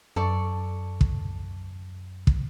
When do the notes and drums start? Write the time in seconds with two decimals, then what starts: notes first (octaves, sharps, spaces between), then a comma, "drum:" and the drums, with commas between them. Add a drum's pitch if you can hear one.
0.16 F#2 A4 D5 C#6
1.01 drum: kick
2.27 drum: kick